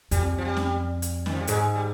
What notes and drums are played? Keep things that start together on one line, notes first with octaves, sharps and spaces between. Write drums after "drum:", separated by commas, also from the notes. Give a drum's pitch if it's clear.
F2 G3, drum: hi-hat
F3
G3
drum: snare
drum: hi-hat
D#3, drum: snare
F3
G3
G#2 G#3, drum: hi-hat
G3